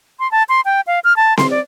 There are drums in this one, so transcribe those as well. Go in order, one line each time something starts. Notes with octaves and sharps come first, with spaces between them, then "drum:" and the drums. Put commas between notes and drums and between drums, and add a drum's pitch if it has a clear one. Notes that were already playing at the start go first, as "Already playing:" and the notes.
C6
A5
C6
G5
F5
F6
A5
C6, drum: snare C4
D5